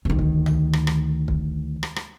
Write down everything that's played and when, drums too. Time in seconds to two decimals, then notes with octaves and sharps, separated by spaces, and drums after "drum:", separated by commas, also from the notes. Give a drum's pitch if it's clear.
0.05 D2 D#3
0.19 drum: kick
0.46 drum: tom
0.73 drum: rim click
0.87 drum: rim click
1.28 drum: kick
1.83 drum: rim click
1.96 drum: rim click